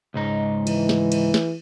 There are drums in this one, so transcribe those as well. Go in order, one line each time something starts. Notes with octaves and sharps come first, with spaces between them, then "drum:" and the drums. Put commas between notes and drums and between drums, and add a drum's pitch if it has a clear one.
C#2 G#2 D#4
E3, drum: cymbal
drum: snare
drum: cymbal
drum: snare